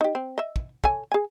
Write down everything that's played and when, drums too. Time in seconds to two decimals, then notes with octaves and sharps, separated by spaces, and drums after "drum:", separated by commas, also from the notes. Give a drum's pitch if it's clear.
0.01 D#4 G4
0.15 C4
0.38 D#5 E5
0.56 drum: kick
0.84 A4 C#5 G#5, drum: kick
1.12 G#4 G#5